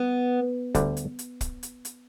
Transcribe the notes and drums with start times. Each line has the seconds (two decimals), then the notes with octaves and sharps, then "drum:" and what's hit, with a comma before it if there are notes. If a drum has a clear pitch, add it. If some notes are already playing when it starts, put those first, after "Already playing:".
Already playing: B3
0.75 D2 D3 G3 D4, drum: kick, hi-hat
0.97 drum: hi-hat
1.19 drum: hi-hat
1.41 drum: kick, hi-hat
1.63 drum: hi-hat
1.85 drum: hi-hat